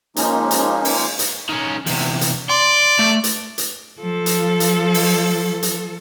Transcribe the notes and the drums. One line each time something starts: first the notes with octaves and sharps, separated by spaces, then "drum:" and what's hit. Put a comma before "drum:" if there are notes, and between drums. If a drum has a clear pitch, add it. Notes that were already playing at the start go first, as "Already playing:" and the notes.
F3 G#3 A#3 C#4 D#4, drum: hi-hat
drum: hi-hat
drum: open hi-hat
drum: hi-hat
D#3 C#4
E2 C3, drum: open hi-hat
drum: hi-hat
D5 C6
A3
drum: hi-hat
drum: hi-hat
F3 A4
drum: hi-hat
drum: hi-hat
drum: open hi-hat
drum: hi-hat